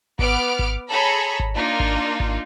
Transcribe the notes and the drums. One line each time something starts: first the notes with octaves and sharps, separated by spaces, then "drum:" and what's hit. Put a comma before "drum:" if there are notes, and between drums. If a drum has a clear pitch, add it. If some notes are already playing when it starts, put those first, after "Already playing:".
B3 D6 F6 D7, drum: kick G#1
drum: kick G#1
G#4 A4 C#5 A#5 B5
drum: kick G#1
A#3 D4 D#4 F4
drum: kick G#1
drum: kick G#1